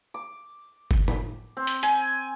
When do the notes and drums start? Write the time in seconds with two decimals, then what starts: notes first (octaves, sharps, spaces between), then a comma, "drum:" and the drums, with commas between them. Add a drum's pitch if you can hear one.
0.14 D6
0.91 drum: kick F#1
1.08 drum: tom
1.57 C4
1.67 drum: hi-hat
1.83 G#5, drum: hi-hat